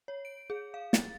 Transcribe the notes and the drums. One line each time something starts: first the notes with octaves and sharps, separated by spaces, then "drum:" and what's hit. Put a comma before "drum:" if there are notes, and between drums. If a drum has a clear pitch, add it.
C#5
D7
G#4
F5
A6, drum: snare